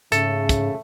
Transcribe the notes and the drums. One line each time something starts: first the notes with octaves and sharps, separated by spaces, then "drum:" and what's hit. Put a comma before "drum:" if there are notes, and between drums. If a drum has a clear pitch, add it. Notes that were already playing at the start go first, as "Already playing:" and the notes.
G#2 C#3 A3 A4, drum: hi-hat
drum: kick, hi-hat